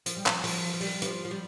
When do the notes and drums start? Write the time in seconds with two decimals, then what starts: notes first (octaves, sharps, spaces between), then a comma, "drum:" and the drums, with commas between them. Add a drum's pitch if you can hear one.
0.06 F3, drum: hi-hat
0.17 G3
0.26 F3, drum: clap
0.44 F3, drum: open hi-hat
0.74 F3
0.81 G3, drum: open hi-hat
1.02 E3, drum: hi-hat
1.06 F3
1.25 F3
1.31 G3